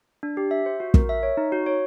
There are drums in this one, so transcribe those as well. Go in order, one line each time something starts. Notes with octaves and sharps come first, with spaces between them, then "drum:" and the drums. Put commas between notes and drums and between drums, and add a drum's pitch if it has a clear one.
D4
G4
E5
C5
F#4
A#4, drum: kick
E5
C#5
D#4
F#4
C#5